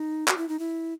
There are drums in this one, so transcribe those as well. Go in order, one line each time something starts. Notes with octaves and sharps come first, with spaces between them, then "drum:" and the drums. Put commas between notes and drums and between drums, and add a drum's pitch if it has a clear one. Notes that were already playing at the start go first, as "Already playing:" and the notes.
Already playing: D#4
F#4, drum: clap
E4
D#4
E4